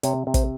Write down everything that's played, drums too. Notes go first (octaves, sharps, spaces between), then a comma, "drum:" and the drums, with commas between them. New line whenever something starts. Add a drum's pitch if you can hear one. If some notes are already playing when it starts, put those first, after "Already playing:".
C3 C#5, drum: hi-hat
C3
C5, drum: kick, hi-hat